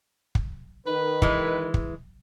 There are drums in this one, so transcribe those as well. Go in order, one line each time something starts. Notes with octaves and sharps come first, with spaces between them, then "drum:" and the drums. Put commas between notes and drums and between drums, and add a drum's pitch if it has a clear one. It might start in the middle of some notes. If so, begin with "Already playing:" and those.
drum: kick
D#3 B4
E3 G#3, drum: kick
drum: kick